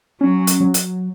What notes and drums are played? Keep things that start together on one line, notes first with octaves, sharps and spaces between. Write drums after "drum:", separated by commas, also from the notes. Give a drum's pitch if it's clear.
F#3 C#4
drum: hi-hat
F#3
drum: hi-hat